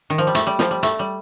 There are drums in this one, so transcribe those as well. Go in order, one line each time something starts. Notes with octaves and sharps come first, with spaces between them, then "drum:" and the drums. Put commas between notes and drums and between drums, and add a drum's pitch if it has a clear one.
D#3
F3
G3
A3, drum: hi-hat
G3
F3, drum: snare
G3
A3, drum: hi-hat
G3